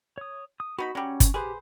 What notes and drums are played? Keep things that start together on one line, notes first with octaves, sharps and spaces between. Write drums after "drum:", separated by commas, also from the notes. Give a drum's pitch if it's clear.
C#5 D#6
D#6
B3 D#4 F#4 B5
F#3 G3 C#4
drum: kick G1, hi-hat
G4 G#4 B4 C5